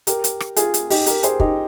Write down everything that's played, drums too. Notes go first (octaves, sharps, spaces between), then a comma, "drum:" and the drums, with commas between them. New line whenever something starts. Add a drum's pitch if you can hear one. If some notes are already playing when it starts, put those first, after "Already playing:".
G4 A#4, drum: hi-hat
drum: hi-hat
drum: rim click
F4 G#4, drum: hi-hat
drum: hi-hat
D#4 G4, drum: open hi-hat
G4 A#4, drum: hi-hat
G#4 C5, drum: hi-hat
D#4 G4, drum: kick